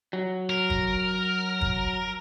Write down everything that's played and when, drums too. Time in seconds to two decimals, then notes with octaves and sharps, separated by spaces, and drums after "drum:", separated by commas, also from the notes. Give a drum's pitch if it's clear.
0.13 F#3
0.50 A#4
0.70 drum: kick
1.61 drum: kick